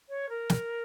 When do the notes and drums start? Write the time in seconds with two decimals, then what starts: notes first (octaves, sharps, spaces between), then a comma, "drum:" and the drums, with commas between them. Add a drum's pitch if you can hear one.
0.09 C#5
0.29 A#4
0.50 drum: snare